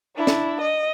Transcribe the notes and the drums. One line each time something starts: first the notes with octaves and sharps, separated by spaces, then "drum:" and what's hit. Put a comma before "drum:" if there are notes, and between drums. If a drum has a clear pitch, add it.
D4 E4
drum: snare
D#5